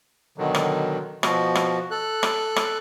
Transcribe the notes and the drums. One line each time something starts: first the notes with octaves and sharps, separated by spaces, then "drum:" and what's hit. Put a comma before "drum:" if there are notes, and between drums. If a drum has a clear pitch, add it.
B2 D3 D#3 F#3
drum: rim click
B2 F3 F#4, drum: rim click
drum: rim click
A4 F#6
drum: rim click
drum: rim click